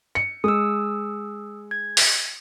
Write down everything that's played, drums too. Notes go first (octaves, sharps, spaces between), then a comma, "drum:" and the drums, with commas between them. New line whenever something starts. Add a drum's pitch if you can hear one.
C#7
G#3 D#6 E6
G#6
drum: open hi-hat